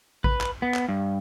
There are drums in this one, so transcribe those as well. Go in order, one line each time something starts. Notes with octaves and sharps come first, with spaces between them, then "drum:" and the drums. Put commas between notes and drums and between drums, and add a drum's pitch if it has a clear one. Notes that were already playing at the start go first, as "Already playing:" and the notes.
B4, drum: kick A1
drum: clap
B3
drum: clap
G2